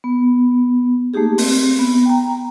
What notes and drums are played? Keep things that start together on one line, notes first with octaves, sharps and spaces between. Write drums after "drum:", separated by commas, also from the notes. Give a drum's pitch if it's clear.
B3
A3 A#3 D#4 G4 G#4
C4, drum: open hi-hat
B3
G5 A#5